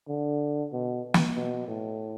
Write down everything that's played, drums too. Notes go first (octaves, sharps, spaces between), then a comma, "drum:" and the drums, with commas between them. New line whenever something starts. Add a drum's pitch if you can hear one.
D3
B2
drum: snare
B2
A2